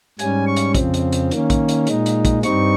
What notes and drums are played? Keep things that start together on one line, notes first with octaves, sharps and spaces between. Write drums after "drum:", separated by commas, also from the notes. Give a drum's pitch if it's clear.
G#2 G3 C#4 G#5, drum: hi-hat
C#6
drum: hi-hat
F2 C#3 F3 C4, drum: kick, hi-hat
drum: hi-hat
drum: hi-hat
D#3 A#3 C#4, drum: hi-hat
drum: kick, hi-hat
drum: hi-hat
A#2 G#3 D#4, drum: hi-hat
drum: hi-hat
drum: kick, hi-hat
G2 G3 C4 D#4 C#6, drum: hi-hat